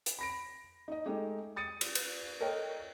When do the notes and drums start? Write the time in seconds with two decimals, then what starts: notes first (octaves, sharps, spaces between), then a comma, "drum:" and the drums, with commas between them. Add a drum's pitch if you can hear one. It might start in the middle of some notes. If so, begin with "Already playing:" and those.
0.06 drum: hi-hat
0.19 B5 A#6 D7
0.88 D#4 D#5
1.06 G#3 A3 D#4 G4
1.56 D#6 A6 C#7 D#7
1.81 drum: cymbal
1.95 drum: cymbal
2.40 A4 A#4 C#5 D#5 G5